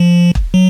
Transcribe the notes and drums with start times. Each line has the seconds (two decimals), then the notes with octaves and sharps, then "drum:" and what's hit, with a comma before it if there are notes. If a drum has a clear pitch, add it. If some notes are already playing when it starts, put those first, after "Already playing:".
Already playing: F3
0.35 drum: kick
0.54 F#3